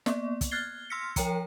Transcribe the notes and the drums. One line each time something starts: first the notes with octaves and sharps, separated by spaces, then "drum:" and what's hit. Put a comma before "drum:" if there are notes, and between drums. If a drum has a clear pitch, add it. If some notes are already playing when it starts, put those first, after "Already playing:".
A#3 B3 D5, drum: snare
drum: kick, hi-hat
F6 F#6 G#6 A6 C7 G7
C6 E6 F6 A#6 B6 C#7
F3 A#4 C#5 G5 A#5 C#7, drum: kick, hi-hat